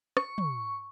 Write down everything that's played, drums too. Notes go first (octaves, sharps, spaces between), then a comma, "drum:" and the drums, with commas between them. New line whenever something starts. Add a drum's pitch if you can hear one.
C#6, drum: rim click
drum: tom